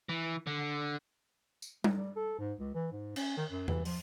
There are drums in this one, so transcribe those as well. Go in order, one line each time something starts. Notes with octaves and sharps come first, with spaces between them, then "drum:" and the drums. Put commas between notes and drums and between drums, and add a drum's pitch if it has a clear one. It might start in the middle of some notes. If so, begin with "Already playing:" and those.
E3
D3
drum: tambourine
G#3, drum: tom G3
G3
A4
G#2
C#2
E3
G#2
C#4, drum: cymbal
D#3
F#2
E3, drum: tom E2
F3, drum: open hi-hat